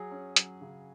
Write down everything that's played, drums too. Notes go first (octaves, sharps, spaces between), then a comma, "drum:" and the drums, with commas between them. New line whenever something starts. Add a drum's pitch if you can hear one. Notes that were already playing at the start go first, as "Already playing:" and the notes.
Already playing: F#3 G#4
C#4
F#3, drum: hi-hat
C#3